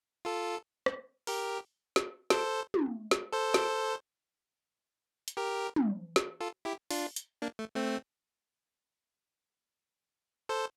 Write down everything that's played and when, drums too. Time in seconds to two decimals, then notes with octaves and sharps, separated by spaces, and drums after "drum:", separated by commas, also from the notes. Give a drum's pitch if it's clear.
0.25 F4 A4
0.86 drum: rim click
1.27 G4 A#4, drum: open hi-hat
1.96 drum: snare
2.30 A4 C5, drum: snare
2.74 drum: tom
3.11 drum: snare
3.33 A4 C5
3.54 drum: snare
5.28 drum: hi-hat
5.37 G4 A#4
5.76 drum: tom
6.16 drum: snare
6.40 F4 A4
6.65 E4 G4
6.90 D4 F4, drum: open hi-hat
7.16 drum: hi-hat
7.42 A#3 D4
7.59 A3
7.76 A3 C4
10.49 A4 C5